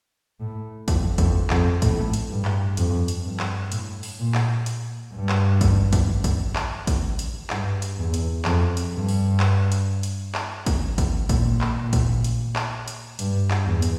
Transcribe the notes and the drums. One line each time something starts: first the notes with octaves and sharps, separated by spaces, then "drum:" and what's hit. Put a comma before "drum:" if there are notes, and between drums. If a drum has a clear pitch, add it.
A2
F2, drum: kick, hi-hat
F2, drum: kick, hi-hat
F2, drum: clap
A2, drum: kick, hi-hat
drum: hi-hat
G2
drum: clap
F2, drum: hi-hat
drum: hi-hat
G2
drum: clap
A2, drum: hi-hat
drum: open hi-hat
A#2
drum: clap
drum: hi-hat
G2
drum: clap
drum: kick, hi-hat
drum: kick, hi-hat
drum: kick, hi-hat
drum: clap
drum: kick, hi-hat
drum: hi-hat
G2, drum: clap
drum: hi-hat
E2
drum: hi-hat
F2, drum: clap
drum: hi-hat
G2
drum: open hi-hat
drum: clap
drum: hi-hat
drum: hi-hat
drum: clap
drum: kick, hi-hat
drum: kick, hi-hat
A#2, drum: kick, hi-hat
drum: clap
A#2
drum: kick, hi-hat
drum: hi-hat
drum: clap
drum: hi-hat
G2, drum: hi-hat
drum: clap
E2
drum: hi-hat